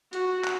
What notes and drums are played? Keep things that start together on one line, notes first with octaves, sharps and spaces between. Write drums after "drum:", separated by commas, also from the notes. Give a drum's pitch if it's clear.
F#4, drum: hi-hat
drum: clap